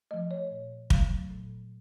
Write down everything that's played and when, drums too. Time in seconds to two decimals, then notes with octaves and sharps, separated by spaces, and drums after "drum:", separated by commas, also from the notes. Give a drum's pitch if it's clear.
0.11 F3 A3 D#5
0.31 C#5
0.51 A#2
0.90 F#3 A3, drum: kick
1.30 A#2